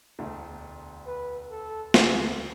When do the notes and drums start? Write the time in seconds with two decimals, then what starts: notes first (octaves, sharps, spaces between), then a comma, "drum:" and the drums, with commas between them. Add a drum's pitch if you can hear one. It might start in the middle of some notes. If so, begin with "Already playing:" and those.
0.19 E1 D2 D3 A3
1.06 B4
1.51 A4
1.94 E1 D2 C#3 E3 B3 G#4, drum: snare